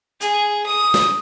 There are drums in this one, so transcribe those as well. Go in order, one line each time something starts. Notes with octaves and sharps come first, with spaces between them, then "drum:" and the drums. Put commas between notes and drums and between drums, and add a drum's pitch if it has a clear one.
G#4, drum: hi-hat
D#6
drum: snare